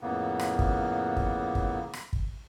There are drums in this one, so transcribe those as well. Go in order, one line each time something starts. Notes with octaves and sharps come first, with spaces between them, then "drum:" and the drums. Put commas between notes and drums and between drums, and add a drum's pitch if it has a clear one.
F2 A2 C#3 A#3 B3
drum: rim click
drum: kick
drum: kick
drum: kick
drum: rim click
drum: kick